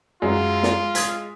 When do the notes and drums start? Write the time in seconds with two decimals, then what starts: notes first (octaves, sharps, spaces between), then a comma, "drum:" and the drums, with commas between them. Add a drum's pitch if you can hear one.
0.22 F#2 F#3 G#3 F4
0.63 drum: snare
0.95 D#6 G#6 B6, drum: hi-hat